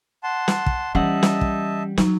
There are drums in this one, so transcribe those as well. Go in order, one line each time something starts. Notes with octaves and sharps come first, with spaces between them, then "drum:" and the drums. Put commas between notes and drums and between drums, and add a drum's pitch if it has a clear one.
F#5 A5 C6
drum: snare
drum: kick
E3 G3 C#4 D#5 E5 F#5 A5
drum: snare
drum: kick
F#3 D#4, drum: snare